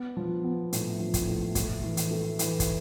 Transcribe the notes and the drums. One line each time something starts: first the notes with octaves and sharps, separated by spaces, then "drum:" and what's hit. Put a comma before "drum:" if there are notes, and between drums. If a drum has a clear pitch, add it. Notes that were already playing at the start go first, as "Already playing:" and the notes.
Already playing: B3
F3
B3
A2, drum: hi-hat
F3
drum: kick, hi-hat
A2
A3, drum: kick, hi-hat
E3
drum: hi-hat
A3
E3, drum: hi-hat
drum: kick, hi-hat